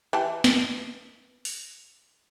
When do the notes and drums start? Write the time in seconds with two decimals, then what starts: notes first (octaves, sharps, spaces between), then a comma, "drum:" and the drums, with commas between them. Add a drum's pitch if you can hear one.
0.13 E3 G4 A5
0.44 drum: snare
1.45 drum: open hi-hat